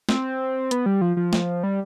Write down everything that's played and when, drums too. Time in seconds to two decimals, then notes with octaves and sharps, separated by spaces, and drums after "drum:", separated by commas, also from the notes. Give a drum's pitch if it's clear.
0.09 C4, drum: snare
0.71 B3, drum: hi-hat
0.86 G3
1.01 F3
1.17 F3
1.33 drum: snare
1.63 G3